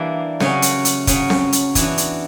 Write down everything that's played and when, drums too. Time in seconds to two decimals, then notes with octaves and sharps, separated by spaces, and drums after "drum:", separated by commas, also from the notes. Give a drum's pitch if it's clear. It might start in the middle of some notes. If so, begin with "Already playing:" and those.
Already playing: E3 G3 A#3 D4
0.40 C#3 F#3 C#4, drum: snare C4
0.62 drum: hi-hat
0.85 drum: hi-hat
1.07 C#3 F#3 C#4, drum: kick, hi-hat
1.30 drum: snare C4
1.52 drum: hi-hat
1.75 E3 B3 D4 F#4, drum: kick, hi-hat
1.98 drum: hi-hat